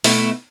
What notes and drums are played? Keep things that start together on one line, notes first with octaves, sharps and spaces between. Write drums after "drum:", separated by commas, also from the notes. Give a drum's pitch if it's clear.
B2 A3 E4, drum: open hi-hat